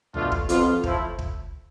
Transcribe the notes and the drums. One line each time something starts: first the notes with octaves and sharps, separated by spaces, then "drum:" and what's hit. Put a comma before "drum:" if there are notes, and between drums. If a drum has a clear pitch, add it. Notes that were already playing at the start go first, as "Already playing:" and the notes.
B2 A3 D4 F4, drum: tom C2
drum: kick
F2 F3 B3 F4, drum: hi-hat
A2 F3 A3 E4, drum: kick
drum: kick